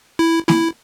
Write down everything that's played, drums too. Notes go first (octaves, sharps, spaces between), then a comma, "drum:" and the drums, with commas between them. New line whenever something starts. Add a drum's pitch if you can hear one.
E4
E4, drum: snare